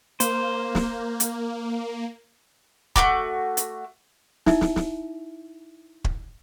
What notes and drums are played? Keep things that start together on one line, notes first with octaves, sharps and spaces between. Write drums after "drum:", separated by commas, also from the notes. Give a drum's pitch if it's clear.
A#3 C5, drum: hi-hat
drum: snare
drum: hi-hat
A3 A#3 F#4 D6, drum: kick
drum: hi-hat
D#4 E4 E5, drum: snare
drum: snare
drum: snare
drum: kick